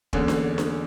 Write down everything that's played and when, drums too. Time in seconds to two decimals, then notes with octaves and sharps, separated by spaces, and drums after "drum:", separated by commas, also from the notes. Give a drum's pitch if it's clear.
0.13 E2 D3 A#3 C#4, drum: kick
0.28 drum: snare D4
0.58 drum: snare D4